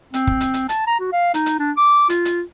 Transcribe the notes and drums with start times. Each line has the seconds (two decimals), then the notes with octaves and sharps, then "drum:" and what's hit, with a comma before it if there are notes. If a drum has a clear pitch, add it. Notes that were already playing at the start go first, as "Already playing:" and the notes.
0.14 C4, drum: hi-hat
0.27 drum: kick
0.41 drum: hi-hat
0.54 drum: hi-hat
0.69 A5, drum: hi-hat
0.87 A#5
1.00 F#4
1.13 F5
1.34 D#4, drum: hi-hat
1.46 drum: hi-hat
1.59 D4
1.77 D6
2.10 F4, drum: hi-hat
2.25 drum: hi-hat